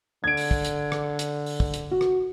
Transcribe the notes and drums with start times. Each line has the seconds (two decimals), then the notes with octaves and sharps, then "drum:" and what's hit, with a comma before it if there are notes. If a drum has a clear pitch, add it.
0.24 D3 G#6 D7
0.37 drum: open hi-hat
0.51 drum: kick
0.65 drum: hi-hat
0.92 drum: rim click
1.19 drum: hi-hat
1.46 drum: open hi-hat
1.60 drum: kick
1.74 drum: hi-hat
1.91 F#4
2.01 drum: rim click